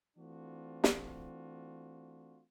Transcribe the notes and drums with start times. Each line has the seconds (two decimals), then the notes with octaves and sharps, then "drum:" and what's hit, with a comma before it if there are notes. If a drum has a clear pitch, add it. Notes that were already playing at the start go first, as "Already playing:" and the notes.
0.17 E3 A3 C4 D4 F4 F#4
0.84 drum: snare